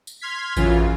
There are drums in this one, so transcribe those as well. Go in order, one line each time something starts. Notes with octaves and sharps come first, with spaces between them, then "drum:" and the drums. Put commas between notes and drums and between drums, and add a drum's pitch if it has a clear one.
drum: tambourine
C6 F6 G#6 B6
F#2 C#3 E3 F4, drum: kick A1, tambourine